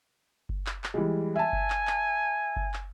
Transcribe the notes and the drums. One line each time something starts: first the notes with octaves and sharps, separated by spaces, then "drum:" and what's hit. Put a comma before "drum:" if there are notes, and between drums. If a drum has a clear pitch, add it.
drum: kick F#1
drum: clap
drum: clap
E3 G3 G#3
E5 G#5 A5
drum: kick F#1
drum: clap
drum: clap
drum: kick F#1
drum: clap